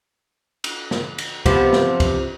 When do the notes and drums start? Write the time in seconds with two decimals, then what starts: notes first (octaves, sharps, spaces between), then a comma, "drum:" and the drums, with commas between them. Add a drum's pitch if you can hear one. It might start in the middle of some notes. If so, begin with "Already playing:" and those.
0.64 drum: cymbal
0.91 drum: snare
1.18 drum: cymbal
1.46 C3 F3 B3, drum: kick C2, cymbal
1.73 drum: snare
2.00 drum: kick C2, cymbal